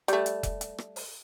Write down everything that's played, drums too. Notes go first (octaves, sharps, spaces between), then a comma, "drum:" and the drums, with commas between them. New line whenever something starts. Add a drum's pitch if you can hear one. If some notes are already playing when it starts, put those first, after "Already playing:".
G3 A3, drum: hi-hat
drum: hi-hat
drum: kick F1, hi-hat
drum: hi-hat
drum: rim click
drum: open hi-hat